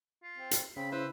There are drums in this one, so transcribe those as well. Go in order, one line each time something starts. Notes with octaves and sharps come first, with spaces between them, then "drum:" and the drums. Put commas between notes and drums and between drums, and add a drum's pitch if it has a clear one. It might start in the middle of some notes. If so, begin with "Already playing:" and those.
F4
C4
drum: hi-hat
C#3 C4 B5
E4 B4 C5